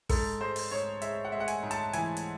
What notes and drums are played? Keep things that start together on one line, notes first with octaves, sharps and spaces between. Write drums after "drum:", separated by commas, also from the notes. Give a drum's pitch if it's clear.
G#2 A4, drum: kick, open hi-hat
G#3 C5
drum: open hi-hat
G#2 C#5
G#3 E5, drum: hi-hat
F#5
G#3 E5
F#5
G#5, drum: hi-hat
G#2
A5, drum: hi-hat
E3 G#5, drum: hi-hat
drum: hi-hat